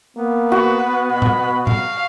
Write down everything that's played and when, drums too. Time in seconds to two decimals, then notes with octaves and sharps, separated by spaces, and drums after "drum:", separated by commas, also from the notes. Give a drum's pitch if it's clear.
0.17 A#3 B3
0.52 F#4 B4
1.12 B2 B5
1.22 drum: tom A2
1.67 F5, drum: tom A2